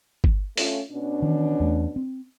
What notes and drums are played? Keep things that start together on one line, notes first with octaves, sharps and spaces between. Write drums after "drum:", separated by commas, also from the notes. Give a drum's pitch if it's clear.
drum: kick G1
A3 C#4 F4, drum: open hi-hat
B2 C#4 D4
D#3 E3
E2 A3
C4